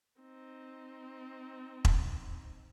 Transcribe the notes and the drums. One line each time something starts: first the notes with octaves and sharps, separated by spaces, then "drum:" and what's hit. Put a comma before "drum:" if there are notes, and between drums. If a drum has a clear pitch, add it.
C4 D#4
drum: kick E1